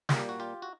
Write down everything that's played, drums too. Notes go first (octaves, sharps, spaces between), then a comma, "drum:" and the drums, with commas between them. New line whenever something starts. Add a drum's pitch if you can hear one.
A#2 G3 A#3 G#4, drum: snare
G4
F#4
F4 G4
F#4